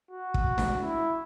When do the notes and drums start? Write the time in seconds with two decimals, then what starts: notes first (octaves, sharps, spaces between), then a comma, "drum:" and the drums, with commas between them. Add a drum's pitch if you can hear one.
0.11 F#4
0.34 drum: kick
0.58 drum: snare
0.82 E4